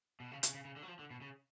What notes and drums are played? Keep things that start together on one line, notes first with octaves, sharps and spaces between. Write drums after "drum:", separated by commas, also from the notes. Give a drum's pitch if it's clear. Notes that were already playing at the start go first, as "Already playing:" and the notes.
B2
C#3
C#3, drum: hi-hat
C#3
C#3
D3
F#3
F3
D3
B2
C#3